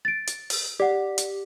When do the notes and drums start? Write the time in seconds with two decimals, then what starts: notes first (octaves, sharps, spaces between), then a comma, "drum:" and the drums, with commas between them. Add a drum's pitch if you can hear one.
0.05 A6 D7
0.27 drum: hi-hat
0.50 drum: open hi-hat
0.80 G4 D5 F#5
1.18 drum: hi-hat